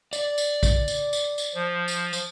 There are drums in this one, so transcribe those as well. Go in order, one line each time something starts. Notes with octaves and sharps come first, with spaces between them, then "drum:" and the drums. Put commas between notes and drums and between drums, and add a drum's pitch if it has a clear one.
D5, drum: tambourine
drum: tambourine
drum: kick A#1, tambourine
drum: tambourine
drum: tambourine
drum: tambourine
F3
drum: tambourine
drum: tambourine